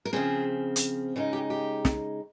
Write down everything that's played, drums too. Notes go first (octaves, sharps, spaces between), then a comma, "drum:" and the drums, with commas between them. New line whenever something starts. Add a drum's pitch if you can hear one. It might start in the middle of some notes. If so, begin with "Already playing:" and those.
A#4
C#3 F3 C4 G#4
drum: hi-hat
C#3 G#3 D#4 F4
G4
G4
drum: snare